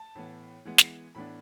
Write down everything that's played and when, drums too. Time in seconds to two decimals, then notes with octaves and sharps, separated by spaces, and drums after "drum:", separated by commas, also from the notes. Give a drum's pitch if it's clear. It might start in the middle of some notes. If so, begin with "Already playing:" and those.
Already playing: A5
0.15 A2 E3 B3
0.65 E3 G#3 B3
0.78 drum: snare
1.15 A2 E3 B3 D4 B5